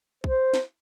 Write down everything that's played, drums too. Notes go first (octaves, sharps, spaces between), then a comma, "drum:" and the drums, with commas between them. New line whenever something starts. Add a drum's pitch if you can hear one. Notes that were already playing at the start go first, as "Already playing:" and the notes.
C5, drum: kick
drum: snare